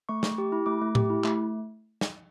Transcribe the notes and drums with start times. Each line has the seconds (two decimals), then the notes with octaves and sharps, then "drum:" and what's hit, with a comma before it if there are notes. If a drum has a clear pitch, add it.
0.09 A3 C#6
0.23 A3, drum: snare
0.38 G4
0.52 E4
0.66 A3 D6
0.82 A3
0.95 G4, drum: tom A2
1.10 E4
1.24 A3, drum: clap
2.01 drum: snare